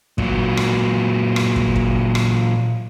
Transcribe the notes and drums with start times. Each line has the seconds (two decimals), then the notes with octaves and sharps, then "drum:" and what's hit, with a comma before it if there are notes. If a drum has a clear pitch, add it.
0.18 A#2 F#3, drum: kick
0.57 drum: rim click
1.36 drum: rim click
1.56 drum: kick
1.76 drum: kick
2.15 drum: rim click